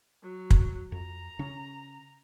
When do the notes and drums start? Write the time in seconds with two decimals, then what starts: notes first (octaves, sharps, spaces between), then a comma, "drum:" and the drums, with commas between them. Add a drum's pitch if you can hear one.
0.23 F#3
0.51 drum: kick
0.92 F2 A#5
1.39 C#3 C#4